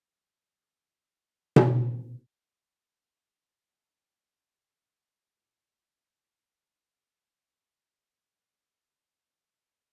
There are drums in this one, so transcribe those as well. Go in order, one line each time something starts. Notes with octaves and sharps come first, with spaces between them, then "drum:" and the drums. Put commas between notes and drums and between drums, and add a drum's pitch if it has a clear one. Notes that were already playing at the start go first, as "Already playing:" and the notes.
D3 D#3 F#3
drum: tom B2
C#6 F6
B4 C5 C6
D4 G#4 C#5 D#5 E5 G5
A4
A#2 A3 F#4 F5
A3 C4